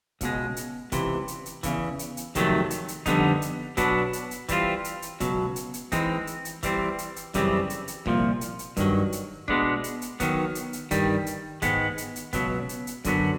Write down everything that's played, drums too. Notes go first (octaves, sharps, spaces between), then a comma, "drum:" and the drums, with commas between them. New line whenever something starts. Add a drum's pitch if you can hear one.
C#2 B2 G#3, drum: kick E1, hi-hat
drum: hi-hat
C#2 C3 E3, drum: kick E1, hi-hat
drum: hi-hat
drum: hi-hat
E2 C#3 E3, drum: kick E1, hi-hat
drum: hi-hat
drum: hi-hat
F2 C3 D#3 F#3 A3, drum: kick E1, hi-hat
drum: hi-hat
drum: hi-hat
F2 D3 G3 B3 D#4, drum: kick E1, hi-hat
drum: hi-hat
B2 F#3 B3 D4, drum: kick E1, hi-hat
drum: hi-hat
drum: hi-hat
E3 G3 C4 F4, drum: kick E1, hi-hat
drum: hi-hat
drum: hi-hat
C#2 B2 F#3, drum: kick E1, hi-hat
drum: hi-hat
drum: hi-hat
E3 G#3 C4 D#4, drum: kick E1, hi-hat
drum: hi-hat
drum: hi-hat
E3 G3 C4, drum: kick E1, hi-hat
drum: hi-hat
drum: hi-hat
F#2 C#3 E3 G3 C4, drum: kick E1, hi-hat
drum: hi-hat
drum: hi-hat
C2 A#2 F3, drum: kick E1
drum: hi-hat
drum: hi-hat
G2 D#3 F#3, drum: kick E1, hi-hat
drum: hi-hat
B2 G#3 B3 D4, drum: kick E1
drum: hi-hat
drum: hi-hat
D#3 F#3 B3, drum: kick E1, hi-hat
drum: hi-hat
drum: hi-hat
G2 D#3 G3, drum: kick E1, hi-hat
drum: hi-hat
G#2 D#3 G#3 B3, drum: kick E1, hi-hat
drum: hi-hat
drum: hi-hat
C#2 B2 F#3 B3, drum: kick E1, hi-hat
drum: hi-hat
drum: hi-hat
F#2 D3 F#3 B3, drum: kick E1, hi-hat